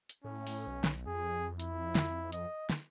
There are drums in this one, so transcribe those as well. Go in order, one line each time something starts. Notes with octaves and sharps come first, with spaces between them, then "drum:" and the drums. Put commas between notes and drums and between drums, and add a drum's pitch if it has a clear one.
drum: hi-hat
A2 C#4
drum: open hi-hat
B1
drum: snare
F2 G#4
E4, drum: hi-hat
drum: snare
D#5, drum: hi-hat
drum: snare